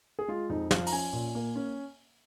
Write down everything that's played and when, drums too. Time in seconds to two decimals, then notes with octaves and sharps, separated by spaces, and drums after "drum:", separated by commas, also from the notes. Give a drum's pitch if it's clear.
0.19 G#4
0.28 G#3 F4
0.50 F2 D#4
0.71 F3 F5, drum: snare
0.87 A#5, drum: open hi-hat
0.92 C#4 G#5
1.13 A#2
1.35 A#3
1.56 C#4